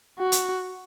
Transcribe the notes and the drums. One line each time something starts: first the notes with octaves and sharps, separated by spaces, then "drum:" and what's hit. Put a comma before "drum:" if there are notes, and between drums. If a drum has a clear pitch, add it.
F#4
drum: hi-hat